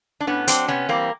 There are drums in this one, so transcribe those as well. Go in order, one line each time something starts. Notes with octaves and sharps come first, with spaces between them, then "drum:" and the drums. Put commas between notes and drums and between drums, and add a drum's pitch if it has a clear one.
D4
A2 B3 C#4
F#3 C4 D4, drum: hi-hat
C3 B3 C#4
E3 G3 A#3 C4